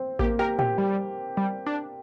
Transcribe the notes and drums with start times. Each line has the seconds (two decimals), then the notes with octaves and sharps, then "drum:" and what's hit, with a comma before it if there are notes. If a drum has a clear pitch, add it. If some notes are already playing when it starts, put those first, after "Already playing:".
Already playing: C4
0.19 A#3 G4, drum: kick A1
0.39 G4 A#4
0.59 G4, drum: tom A2
0.78 G3
1.37 G3
1.66 D4